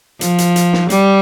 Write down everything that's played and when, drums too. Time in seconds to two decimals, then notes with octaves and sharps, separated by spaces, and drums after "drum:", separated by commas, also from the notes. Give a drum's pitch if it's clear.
0.21 F3, drum: hi-hat
0.38 drum: hi-hat
0.56 drum: hi-hat
0.73 drum: snare
0.90 G3, drum: hi-hat